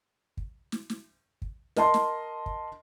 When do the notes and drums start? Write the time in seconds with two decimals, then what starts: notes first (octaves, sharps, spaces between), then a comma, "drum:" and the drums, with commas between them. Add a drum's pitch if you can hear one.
0.37 drum: kick
0.72 drum: snare
0.90 drum: snare
1.42 drum: kick
1.76 A#4 D#5 A5 C6, drum: snare
1.94 drum: snare
2.46 drum: kick